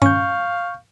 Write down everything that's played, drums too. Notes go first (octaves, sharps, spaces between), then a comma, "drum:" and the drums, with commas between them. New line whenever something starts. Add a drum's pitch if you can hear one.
C#4 F5 C#6 G6, drum: tom G2